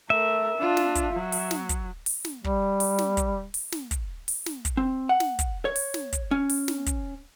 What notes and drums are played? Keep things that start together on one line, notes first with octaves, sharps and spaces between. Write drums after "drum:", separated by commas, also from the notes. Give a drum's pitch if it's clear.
A3 A#4 E5
D4 F4
drum: snare
drum: kick, hi-hat
F#3
drum: open hi-hat
drum: snare
drum: kick, hi-hat
drum: open hi-hat
drum: snare
G3, drum: kick
drum: open hi-hat
drum: snare
drum: kick, hi-hat
drum: open hi-hat
drum: snare
drum: kick, hi-hat
drum: open hi-hat
drum: snare
drum: kick, hi-hat
C4
F#5
drum: snare
drum: kick, hi-hat
C#5
drum: open hi-hat
drum: snare
drum: kick, hi-hat
C#4
drum: open hi-hat
drum: snare
drum: kick, hi-hat